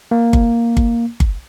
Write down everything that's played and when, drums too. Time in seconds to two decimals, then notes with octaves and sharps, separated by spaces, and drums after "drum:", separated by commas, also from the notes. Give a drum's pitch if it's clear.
0.11 A#3
0.33 drum: kick G1
0.77 drum: kick G1
1.20 drum: kick G1